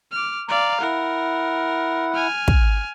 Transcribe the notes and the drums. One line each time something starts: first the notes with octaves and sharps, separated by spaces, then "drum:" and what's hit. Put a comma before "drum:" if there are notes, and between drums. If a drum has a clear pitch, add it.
D6 F6
D5 F5 A#5
E4 A#4 F#5
G#5 F6
drum: kick